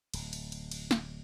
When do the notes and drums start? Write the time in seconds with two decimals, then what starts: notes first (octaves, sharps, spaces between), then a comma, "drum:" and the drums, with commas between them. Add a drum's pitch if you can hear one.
0.14 D1, drum: cymbal
0.33 drum: cymbal
0.52 drum: cymbal
0.71 drum: cymbal
0.91 drum: snare